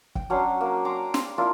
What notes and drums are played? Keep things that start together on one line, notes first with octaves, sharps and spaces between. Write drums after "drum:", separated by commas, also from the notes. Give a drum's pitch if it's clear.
G5, drum: kick
F#3 C#4 D4 C6
A#3
G5 A#5 C6 D6
C6, drum: snare
A#3 D4 E4 F4